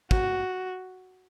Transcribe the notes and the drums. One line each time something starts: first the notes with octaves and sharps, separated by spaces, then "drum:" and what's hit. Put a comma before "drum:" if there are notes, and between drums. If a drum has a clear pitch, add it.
F#4, drum: kick